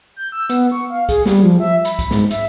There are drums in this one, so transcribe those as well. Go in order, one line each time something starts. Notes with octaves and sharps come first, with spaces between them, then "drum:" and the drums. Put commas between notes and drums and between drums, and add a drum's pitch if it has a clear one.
G6
E6
B3, drum: hi-hat
C#6
F5
G#4, drum: kick, hi-hat
G3, drum: snare
F3
E5
B5, drum: hi-hat
drum: kick, hi-hat
G#2, drum: snare
E5, drum: hi-hat